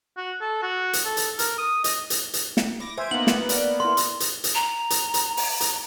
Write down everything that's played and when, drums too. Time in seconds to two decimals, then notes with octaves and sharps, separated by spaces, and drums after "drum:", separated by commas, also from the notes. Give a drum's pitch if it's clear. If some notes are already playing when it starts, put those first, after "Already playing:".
0.17 F#4
0.41 A4
0.62 F#4
0.93 drum: hi-hat
1.05 A4
1.17 drum: hi-hat
1.39 A#4, drum: hi-hat
1.58 D#6
1.84 D#5, drum: hi-hat
2.10 drum: hi-hat
2.33 drum: hi-hat
2.57 drum: snare
2.80 E4 D6 A#6
2.98 E3 C4 C5 E5 G#5 G#6 D7
3.11 A#3 B3 D#4 C5 F#7
3.27 drum: snare
3.49 D5 E5 F#5, drum: hi-hat
3.80 E4 A#4 C6
3.97 drum: hi-hat
4.20 drum: hi-hat
4.44 drum: hi-hat
4.55 A#5
4.90 drum: hi-hat
5.14 drum: hi-hat
5.37 drum: open hi-hat
5.60 drum: hi-hat